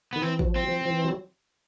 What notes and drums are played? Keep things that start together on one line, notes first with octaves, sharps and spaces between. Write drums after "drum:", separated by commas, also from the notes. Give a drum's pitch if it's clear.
D#3 B3
E3 C4
F#3, drum: kick
F3
C4
F#3
F3
F3
E3
F#3